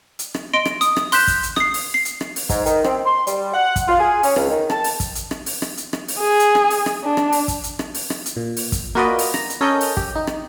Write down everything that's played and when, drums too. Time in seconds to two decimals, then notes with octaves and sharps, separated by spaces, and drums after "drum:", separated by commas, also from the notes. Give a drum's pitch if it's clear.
0.19 drum: hi-hat
0.34 drum: rim click
0.54 D#5 C6 D7 G7
0.65 drum: rim click
0.81 D#6, drum: hi-hat
0.96 drum: rim click
1.12 C6 F#6 G6 B6 E7, drum: open hi-hat
1.27 drum: kick, hi-hat
1.43 drum: hi-hat
1.56 D#6 C7, drum: rim click
1.74 drum: open hi-hat
1.94 C7
2.05 drum: hi-hat
2.21 drum: rim click
2.36 drum: open hi-hat
2.49 G#2, drum: kick, hi-hat
2.66 D#3, drum: hi-hat
2.84 C4, drum: rim click
3.06 C6
3.27 G3, drum: hi-hat
3.53 F#5
3.76 drum: kick, hi-hat
3.88 F4
3.99 G#4
4.23 C#4, drum: open hi-hat
4.36 C#2, drum: rim click
4.50 D#3
4.70 A5, drum: rim click
4.84 drum: open hi-hat
5.00 drum: kick, hi-hat
5.15 drum: hi-hat
5.31 drum: rim click
5.46 drum: open hi-hat
5.62 drum: rim click
5.77 drum: hi-hat
5.93 drum: rim click
6.08 drum: open hi-hat
6.19 G#4
6.39 drum: hi-hat
6.55 drum: rim click
6.70 drum: open hi-hat
6.86 drum: rim click
7.05 D4
7.17 drum: rim click
7.33 drum: open hi-hat
7.48 drum: kick, hi-hat
7.64 drum: hi-hat
7.79 drum: rim click
7.95 drum: open hi-hat
8.10 drum: rim click
8.26 drum: hi-hat
8.36 A#2
8.57 drum: open hi-hat
8.72 drum: kick, hi-hat
8.95 A#3 F4 F#4 B4 D5 D#5
9.19 drum: open hi-hat
9.34 A#5, drum: rim click
9.50 drum: hi-hat
9.61 C#4 A4 A#4 D#5 G6
9.81 drum: open hi-hat
9.97 G4, drum: kick
10.16 D#4
10.27 drum: rim click